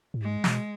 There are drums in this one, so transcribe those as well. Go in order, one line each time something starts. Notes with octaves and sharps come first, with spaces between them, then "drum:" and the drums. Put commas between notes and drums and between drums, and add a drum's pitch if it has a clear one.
A2
G#2 G#3
B2, drum: snare